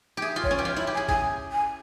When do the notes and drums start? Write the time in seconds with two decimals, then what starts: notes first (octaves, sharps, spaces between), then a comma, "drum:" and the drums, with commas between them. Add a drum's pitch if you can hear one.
0.17 G4 G#4 E5
0.36 F4
0.44 C#5, drum: kick
0.51 C#4
0.58 G4
0.65 F4, drum: snare
0.76 E4 E5
0.87 G4
0.94 G#5
0.97 G#4
1.09 G#4 G#5, drum: kick
1.52 G#5